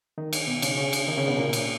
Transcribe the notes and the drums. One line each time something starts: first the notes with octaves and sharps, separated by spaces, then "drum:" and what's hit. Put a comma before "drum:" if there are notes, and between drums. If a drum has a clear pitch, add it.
D#3 D#4
drum: cymbal
B2 B3
C#3 C#4, drum: cymbal
C#3 C#4
drum: cymbal
D#3 D#4
C#3 C#4
B2 B3
A#2 A#3
drum: cymbal